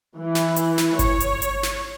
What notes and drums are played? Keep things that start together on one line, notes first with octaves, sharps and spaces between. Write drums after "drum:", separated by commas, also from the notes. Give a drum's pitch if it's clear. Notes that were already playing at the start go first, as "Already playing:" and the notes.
E3
drum: snare
drum: hi-hat
drum: snare
C#5, drum: kick G1, hi-hat
drum: hi-hat
drum: hi-hat
drum: snare